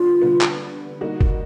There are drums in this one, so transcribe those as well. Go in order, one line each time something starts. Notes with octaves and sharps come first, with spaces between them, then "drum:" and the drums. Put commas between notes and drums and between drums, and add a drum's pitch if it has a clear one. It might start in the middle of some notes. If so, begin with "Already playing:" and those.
Already playing: D3 G3 B3 F4
D3 G3 B3
drum: clap
G3 A#3 D#4 F#4
drum: kick G1